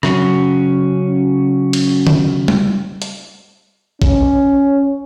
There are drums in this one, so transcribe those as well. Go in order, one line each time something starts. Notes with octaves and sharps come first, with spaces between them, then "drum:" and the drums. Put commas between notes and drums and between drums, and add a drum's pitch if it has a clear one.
C#3 F#3 C#4, drum: rim click
drum: cymbal
drum: tom D3
drum: tom G3
drum: hi-hat
C#4, drum: kick A1